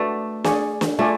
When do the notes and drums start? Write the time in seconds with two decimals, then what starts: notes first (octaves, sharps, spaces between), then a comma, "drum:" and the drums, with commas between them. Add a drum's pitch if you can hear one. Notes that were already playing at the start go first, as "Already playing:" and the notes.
Already playing: A3 D4 F#4 B4 D5
0.44 G#4 D5 F5 G#5 C#6, drum: snare
0.81 drum: snare
0.99 A3 F4 A4 D5 G#5